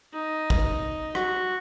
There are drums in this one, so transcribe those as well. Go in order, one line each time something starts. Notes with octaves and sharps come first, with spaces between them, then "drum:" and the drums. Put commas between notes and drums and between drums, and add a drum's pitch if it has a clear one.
D#4
drum: kick
F#4, drum: rim click